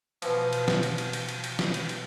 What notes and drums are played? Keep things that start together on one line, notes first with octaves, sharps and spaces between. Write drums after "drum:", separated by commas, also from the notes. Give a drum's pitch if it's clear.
B2 E3 F3, drum: cymbal
drum: cymbal
drum: snare
drum: cymbal
drum: cymbal
drum: cymbal
drum: cymbal
drum: cymbal
drum: snare
drum: cymbal
drum: cymbal